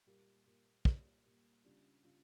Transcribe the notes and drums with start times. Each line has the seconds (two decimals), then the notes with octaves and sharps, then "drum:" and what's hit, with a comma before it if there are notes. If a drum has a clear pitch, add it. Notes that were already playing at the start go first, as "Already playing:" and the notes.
0.06 A#2 G3 A#3
0.46 A#2 G3 A#3
0.85 A#2 G3 A#3, drum: kick
1.25 A#2 G3 A#3
1.64 C#3 G3 D4 F4
2.04 C#3 G3 D4 F4